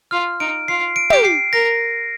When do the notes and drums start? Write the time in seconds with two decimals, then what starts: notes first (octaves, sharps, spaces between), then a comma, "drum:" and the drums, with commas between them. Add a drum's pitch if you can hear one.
0.11 F4 F6
0.40 D#4 D7
0.68 F4 C7
0.96 D7
1.10 G4 D7, drum: tom
1.25 C7
1.53 A#4 A#6